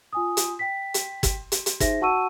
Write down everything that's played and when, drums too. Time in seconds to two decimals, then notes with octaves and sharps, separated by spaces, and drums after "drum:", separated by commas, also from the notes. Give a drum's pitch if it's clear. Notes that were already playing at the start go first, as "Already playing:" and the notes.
0.13 F4 G#5 D#6
0.37 drum: hi-hat
0.59 G5 B6
0.94 drum: hi-hat
1.23 drum: kick, hi-hat
1.52 drum: hi-hat
1.66 drum: hi-hat
1.80 D#4 G#4 C5 E5 A#6, drum: kick, hi-hat
2.01 F#4 F#5 A5 C#6 E6 D#7